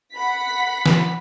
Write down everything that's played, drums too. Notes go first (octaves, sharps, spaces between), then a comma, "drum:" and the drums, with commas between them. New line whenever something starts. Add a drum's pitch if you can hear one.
F#5 B5 B6
drum: snare